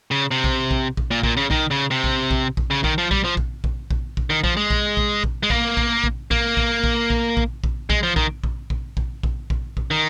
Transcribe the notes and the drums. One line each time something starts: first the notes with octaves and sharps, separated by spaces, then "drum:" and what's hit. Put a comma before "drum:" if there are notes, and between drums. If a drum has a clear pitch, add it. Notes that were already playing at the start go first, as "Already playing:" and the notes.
C#3
C3
drum: kick A#1
drum: kick A#1
drum: kick A#1
A#2
A#2, drum: kick A#1
C#3
D#3, drum: kick A#1
C#3
C3
drum: kick A#1
drum: kick A#1
drum: kick A#1
C#3
D#3, drum: kick A#1
F3
G3, drum: kick A#1
F3
drum: kick A#1
drum: kick A#1
drum: kick A#1
drum: kick A#1
D#3
F3, drum: kick A#1
G#3
drum: kick A#1
drum: kick A#1
drum: kick A#1
G#3
A#3, drum: kick A#1
drum: kick A#1
drum: kick A#1
A#3, drum: kick A#1
drum: kick A#1
drum: kick A#1
drum: kick A#1
drum: kick A#1
drum: kick A#1
G#3, drum: kick A#1
F3
D#3, drum: kick A#1
drum: kick A#1
drum: kick A#1
drum: kick A#1
drum: kick A#1
drum: kick A#1
drum: kick A#1
D#3